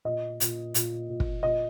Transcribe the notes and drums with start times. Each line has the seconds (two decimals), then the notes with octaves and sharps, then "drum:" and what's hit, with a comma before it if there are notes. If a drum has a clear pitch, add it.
0.05 A#2 D#5
0.40 A#2, drum: hi-hat
0.74 A#2, drum: hi-hat
1.09 A#2
1.20 drum: kick
1.43 A#2 D#5